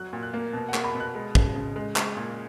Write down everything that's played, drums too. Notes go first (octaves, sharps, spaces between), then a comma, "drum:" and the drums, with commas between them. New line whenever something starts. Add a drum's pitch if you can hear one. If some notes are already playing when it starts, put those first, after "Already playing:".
Already playing: F#3 F#6
A#2
F#6
A#3
B2
F#5
A#3, drum: clap
B5
B2
F#6
G#3
C#3, drum: kick
C#3
G#3
G#3, drum: clap
A#2